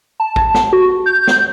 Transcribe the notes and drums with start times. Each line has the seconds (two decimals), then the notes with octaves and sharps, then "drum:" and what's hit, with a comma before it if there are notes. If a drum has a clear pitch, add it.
0.20 A5
0.36 drum: kick A1
0.54 drum: snare
0.73 F#4
1.06 G6
1.27 drum: snare